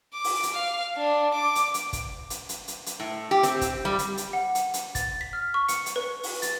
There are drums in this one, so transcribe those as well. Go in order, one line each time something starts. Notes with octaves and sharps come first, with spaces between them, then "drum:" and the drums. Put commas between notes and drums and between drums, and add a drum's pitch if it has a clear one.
D6
drum: open hi-hat
drum: hi-hat
F5
D4
D6
drum: hi-hat
drum: hi-hat
drum: kick, hi-hat
drum: hi-hat
drum: hi-hat
drum: hi-hat
drum: hi-hat
A2
G4
C4, drum: hi-hat
drum: kick, hi-hat
G3
drum: hi-hat
drum: hi-hat
F#5
drum: hi-hat
drum: hi-hat
A6, drum: kick, hi-hat
B6
F6
C#6
C#7, drum: hi-hat
drum: hi-hat
B4
drum: open hi-hat
A6, drum: hi-hat